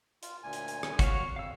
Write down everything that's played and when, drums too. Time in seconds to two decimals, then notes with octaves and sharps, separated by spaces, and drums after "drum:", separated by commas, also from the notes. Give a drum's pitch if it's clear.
0.23 F4, drum: hi-hat
0.43 D2 A#2 G#5
0.53 drum: hi-hat
0.68 drum: hi-hat
0.83 drum: rim click
0.99 F#4 C#5 F5, drum: kick, hi-hat
1.36 F2 F5 E6